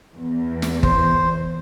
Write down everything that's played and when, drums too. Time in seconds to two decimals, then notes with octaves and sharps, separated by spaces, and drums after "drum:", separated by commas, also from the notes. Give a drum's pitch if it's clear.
0.16 E2
0.62 drum: snare
0.83 C5, drum: kick G1